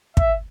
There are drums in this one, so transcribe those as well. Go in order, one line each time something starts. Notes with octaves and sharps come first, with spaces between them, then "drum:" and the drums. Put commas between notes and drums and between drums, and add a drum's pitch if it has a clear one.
E5, drum: kick